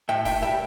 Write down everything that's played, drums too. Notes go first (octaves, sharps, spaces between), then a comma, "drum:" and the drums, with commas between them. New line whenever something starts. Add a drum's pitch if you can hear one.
A2 E5 G5
A2 E5 G5, drum: kick, open hi-hat
G3 E5 G5